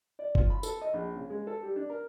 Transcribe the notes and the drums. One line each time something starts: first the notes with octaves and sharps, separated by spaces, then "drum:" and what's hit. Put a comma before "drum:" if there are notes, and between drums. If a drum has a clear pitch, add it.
D5
F4, drum: kick F#1
B5
A4, drum: tambourine
D#5
A#1
C#3
G#3
A4
G3
D4
A#4